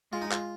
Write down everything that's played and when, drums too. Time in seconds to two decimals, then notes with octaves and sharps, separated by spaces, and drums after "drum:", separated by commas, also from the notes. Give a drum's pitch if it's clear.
0.12 G#3 F4
0.22 D#4
0.31 F4, drum: clap